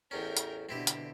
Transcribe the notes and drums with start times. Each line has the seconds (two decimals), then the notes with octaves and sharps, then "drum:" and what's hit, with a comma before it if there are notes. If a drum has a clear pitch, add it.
0.11 A1 E2 C#4 A#4 G5
0.37 drum: hi-hat
0.69 B2 D3 C4 E4 G4
0.87 drum: hi-hat